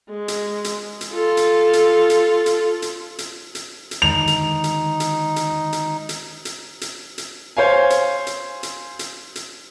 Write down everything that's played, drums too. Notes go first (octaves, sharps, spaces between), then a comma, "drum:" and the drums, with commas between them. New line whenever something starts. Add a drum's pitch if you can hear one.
G#3
drum: hi-hat
drum: hi-hat
drum: hi-hat
F4 A4
drum: hi-hat
drum: hi-hat
drum: hi-hat
drum: hi-hat
drum: hi-hat
drum: hi-hat
drum: hi-hat
drum: hi-hat
D3 D#3 G#3 D#4 F7
drum: hi-hat
drum: hi-hat
drum: hi-hat
drum: hi-hat
drum: hi-hat
drum: hi-hat
drum: hi-hat
drum: hi-hat
drum: hi-hat
C5 C#5 F5 G#5
drum: hi-hat
drum: hi-hat
drum: hi-hat
drum: hi-hat
drum: hi-hat